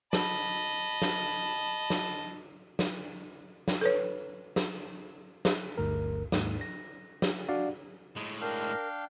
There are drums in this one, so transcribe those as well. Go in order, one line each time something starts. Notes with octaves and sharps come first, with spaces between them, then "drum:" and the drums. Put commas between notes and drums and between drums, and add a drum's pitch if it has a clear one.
D#5 A5 B5, drum: snare
drum: snare
drum: snare
drum: snare
drum: snare
A4 B4 C#5
drum: snare
drum: snare
G1 D2 G2 A#4
D#2 G#2, drum: snare
A#6
drum: snare
D4 F#4 D5 F5 F#5
A2 G#3
D4 A#4 F5 G5